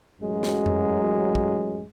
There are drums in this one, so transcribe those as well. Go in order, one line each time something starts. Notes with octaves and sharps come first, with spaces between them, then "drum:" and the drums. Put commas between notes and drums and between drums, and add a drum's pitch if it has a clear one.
A1 F#2 F#3 G#3
drum: snare
drum: tom F2
drum: kick